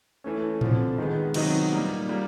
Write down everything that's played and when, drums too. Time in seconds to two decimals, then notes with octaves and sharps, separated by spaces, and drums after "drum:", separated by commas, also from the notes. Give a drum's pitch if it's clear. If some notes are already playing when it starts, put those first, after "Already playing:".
0.24 E3 A3 C#4
0.61 F2 D3 F3, drum: tom A2
0.98 D#3 G#3 B3
1.34 C3 D#3 F#3 B3 D#4, drum: cymbal
1.71 A#2 G3 A#3 D#4
2.08 A#2 G3 A#3